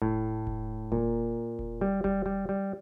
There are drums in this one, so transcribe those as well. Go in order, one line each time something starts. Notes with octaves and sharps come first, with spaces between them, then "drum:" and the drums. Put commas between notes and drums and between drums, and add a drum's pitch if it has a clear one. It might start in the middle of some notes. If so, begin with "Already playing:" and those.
A2, drum: kick E1
drum: kick E1
A#2, drum: kick E1
drum: kick E1
G3
G3, drum: kick E1
G3
G3